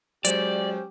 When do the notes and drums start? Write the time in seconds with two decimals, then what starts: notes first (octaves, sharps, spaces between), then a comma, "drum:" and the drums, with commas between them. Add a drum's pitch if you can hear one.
0.25 F#3 G#3 C#4 G4 C5 D5, drum: hi-hat